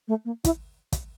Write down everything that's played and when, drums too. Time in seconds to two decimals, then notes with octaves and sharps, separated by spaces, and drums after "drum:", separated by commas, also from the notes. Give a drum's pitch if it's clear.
0.08 A3
0.25 A#3
0.45 E4, drum: kick, hi-hat
0.92 drum: kick, hi-hat